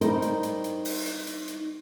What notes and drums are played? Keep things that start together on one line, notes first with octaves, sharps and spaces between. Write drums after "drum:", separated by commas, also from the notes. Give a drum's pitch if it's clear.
G3 D#4 A#4 C5, drum: hi-hat
drum: hi-hat
drum: hi-hat
drum: hi-hat
drum: open hi-hat
drum: hi-hat
drum: hi-hat
drum: hi-hat